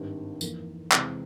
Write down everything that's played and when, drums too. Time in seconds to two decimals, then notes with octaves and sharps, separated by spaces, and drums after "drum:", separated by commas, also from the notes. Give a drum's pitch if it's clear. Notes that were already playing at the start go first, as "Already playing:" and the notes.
Already playing: G#1 G2 G3 C4
0.41 F2 E3 A#3, drum: tambourine
0.92 E2 C3 E3 G#3 C4, drum: clap